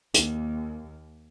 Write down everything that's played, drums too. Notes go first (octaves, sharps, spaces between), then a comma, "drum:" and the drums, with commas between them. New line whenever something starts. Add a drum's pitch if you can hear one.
D#2 A#3, drum: hi-hat